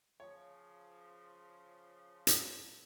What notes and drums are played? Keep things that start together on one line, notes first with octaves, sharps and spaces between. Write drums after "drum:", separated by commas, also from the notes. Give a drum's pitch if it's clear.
C#3 F3 C#5
drum: hi-hat